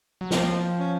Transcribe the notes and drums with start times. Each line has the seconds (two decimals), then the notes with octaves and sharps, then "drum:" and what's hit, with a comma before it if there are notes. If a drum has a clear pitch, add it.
0.21 F#3
0.31 F3 C4, drum: snare
0.78 C#4